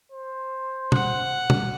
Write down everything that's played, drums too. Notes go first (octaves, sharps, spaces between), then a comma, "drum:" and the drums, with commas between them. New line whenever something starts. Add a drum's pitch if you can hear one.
C5
F#5, drum: tom
drum: tom